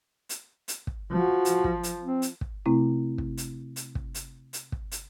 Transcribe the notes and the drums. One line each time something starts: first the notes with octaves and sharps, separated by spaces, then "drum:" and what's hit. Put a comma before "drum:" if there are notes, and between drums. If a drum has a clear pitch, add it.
drum: hi-hat
drum: hi-hat
drum: kick
F3 F#4
drum: hi-hat
drum: kick
drum: hi-hat
C4
drum: hi-hat
drum: kick
C3 A3 C4 E4
drum: kick
drum: hi-hat
drum: hi-hat
drum: kick
drum: hi-hat
drum: hi-hat
drum: kick
drum: hi-hat